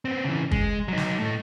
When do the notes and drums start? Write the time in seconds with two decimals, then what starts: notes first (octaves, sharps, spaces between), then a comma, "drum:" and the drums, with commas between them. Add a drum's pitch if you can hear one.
0.05 B3 C4
0.25 C#3 E3
0.51 G#3, drum: kick
0.88 F#3 D#4
0.98 drum: snare
1.19 A2 A3